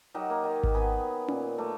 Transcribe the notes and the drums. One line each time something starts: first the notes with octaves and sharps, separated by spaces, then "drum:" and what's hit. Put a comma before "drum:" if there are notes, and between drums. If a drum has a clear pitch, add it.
F#3 D#4 G4 A#4
A#3
D#3
drum: kick G#1
B3 G#5 B5
A#2, drum: tom C#4
A3 A#3